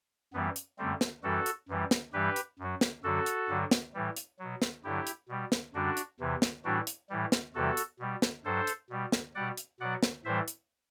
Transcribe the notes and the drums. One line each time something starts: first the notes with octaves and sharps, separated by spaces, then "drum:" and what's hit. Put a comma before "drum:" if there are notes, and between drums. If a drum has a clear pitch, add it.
F#2 E3 G3 B3
drum: hi-hat
F#2 D3 G3 A3 C4
drum: snare
F#2 E3 G3 F#4 A4
drum: hi-hat
F#2 E3 G3
drum: snare
G2 E3 G3 G4 B4
drum: hi-hat
F#2 F#3
drum: snare
F#2 D3 F#3 F#4 A4
drum: hi-hat
G2 D3 F#3
drum: snare
A2 E3 G3
drum: hi-hat
B2 F#3
drum: snare
G2 D3 F#3 E4 G4
drum: hi-hat
B2 G3
drum: snare
F#2 D3 G3 D4 F#4
drum: hi-hat
E2 C3 E3
drum: snare
A2 E3 G3 D4 F#4
drum: hi-hat
A2 E3 G3
drum: snare
E2 C3 E3 G3 F#4 A4
drum: hi-hat
B2 G3
drum: snare
G2 F#3 A4 C5
drum: hi-hat
B2 G3
drum: snare
B2 G3 D5 F#5
drum: hi-hat
B2 F#3 D5 F#5
drum: snare
A2 E3 G3 C5 E5
drum: hi-hat